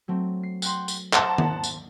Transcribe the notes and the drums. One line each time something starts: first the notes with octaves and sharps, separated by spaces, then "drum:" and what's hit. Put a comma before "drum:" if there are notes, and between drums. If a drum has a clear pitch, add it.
F#3 A3 C4
C7
F#5 G5 C6, drum: tambourine
drum: tambourine
C5 F#5 A5 A#5, drum: clap
drum: tom D#3
drum: tambourine